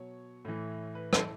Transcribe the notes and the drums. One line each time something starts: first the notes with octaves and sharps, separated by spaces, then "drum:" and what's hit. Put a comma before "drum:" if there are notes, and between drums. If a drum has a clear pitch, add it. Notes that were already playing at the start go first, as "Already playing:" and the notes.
Already playing: B2 F#3 C#5
A2 E3
B4
A4, drum: rim click